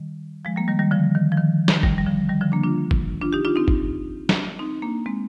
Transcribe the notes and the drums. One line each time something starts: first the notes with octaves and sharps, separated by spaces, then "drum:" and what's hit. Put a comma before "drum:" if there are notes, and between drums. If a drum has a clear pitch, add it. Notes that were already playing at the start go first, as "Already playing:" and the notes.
Already playing: D#3 G3
F3 G#3
G3 A#3
D#3 G3
D#3 G3
D3 F3
D#3
F3
D#3
drum: snare
D#3 G3, drum: kick G1
G3
D3 F3
D#3 G3
D3 F3
A#3 D4
D4 F4
drum: kick G1
D4 F4
D#4 G4
D4 F4
C4 D#4
drum: kick G1
drum: snare
C4 D#4
A#3 D4
G#3 C4